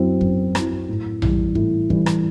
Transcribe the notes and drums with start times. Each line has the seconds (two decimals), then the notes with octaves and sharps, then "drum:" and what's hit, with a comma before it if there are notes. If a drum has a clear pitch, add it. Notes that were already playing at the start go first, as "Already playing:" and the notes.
Already playing: F#2 F#3 C4 E4
0.21 F#2, drum: kick
0.55 F#3 C4 E4, drum: rim click
0.89 A2
1.22 E3 G3, drum: tom A#1
1.55 A2, drum: kick
1.90 E3 G3, drum: kick
2.06 drum: rim click